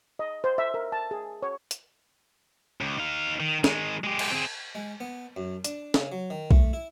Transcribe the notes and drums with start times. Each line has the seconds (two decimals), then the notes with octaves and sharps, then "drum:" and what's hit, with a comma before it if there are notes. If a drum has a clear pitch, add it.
0.19 D#5
0.44 C5
0.58 E5
0.74 A#4
0.92 A5
1.11 G#4
1.43 C#5
1.71 drum: hi-hat
2.81 C#2
2.98 D#4 F5
3.40 D#3
3.64 D#3 G#3, drum: snare
4.04 G#3 G4
4.19 drum: cymbal
4.31 C4 G#4
4.75 G#3
5.00 B3
5.37 F#2
5.65 D4, drum: hi-hat
5.94 C#3, drum: snare
6.12 F#3
6.30 D#3
6.51 A3, drum: kick
6.73 E4